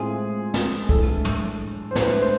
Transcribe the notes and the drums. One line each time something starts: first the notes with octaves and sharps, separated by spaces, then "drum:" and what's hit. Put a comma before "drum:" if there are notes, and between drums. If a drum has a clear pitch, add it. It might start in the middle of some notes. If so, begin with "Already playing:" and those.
Already playing: A2 G#3 C4 F4 G#4
drum: snare
A2 E3 G#3 D4 A4, drum: kick
drum: tom
C5
A2 G#3 D4 B4, drum: snare
C5